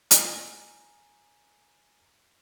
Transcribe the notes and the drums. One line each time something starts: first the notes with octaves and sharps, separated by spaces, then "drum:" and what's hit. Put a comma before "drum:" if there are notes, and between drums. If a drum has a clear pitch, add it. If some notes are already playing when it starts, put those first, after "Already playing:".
G#5 A#5, drum: hi-hat